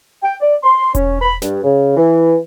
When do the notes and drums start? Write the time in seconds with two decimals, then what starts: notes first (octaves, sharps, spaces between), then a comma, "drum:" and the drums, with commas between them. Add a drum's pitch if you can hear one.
0.22 G5
0.41 D5
0.63 C6
0.95 C#4, drum: kick E1, hi-hat
1.21 B5
1.42 G2, drum: snare
1.63 C#3
1.97 E3